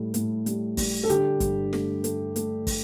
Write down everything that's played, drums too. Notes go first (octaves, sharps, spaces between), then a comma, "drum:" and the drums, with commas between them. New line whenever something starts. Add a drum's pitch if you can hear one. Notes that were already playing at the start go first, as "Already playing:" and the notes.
Already playing: A2 G3
A2, drum: hi-hat
G3, drum: hi-hat
G3, drum: kick, open hi-hat
A4
D3 G4, drum: hi-hat
G2, drum: kick, hi-hat
A3, drum: snare
A3, drum: hi-hat
A3, drum: hi-hat
drum: kick, open hi-hat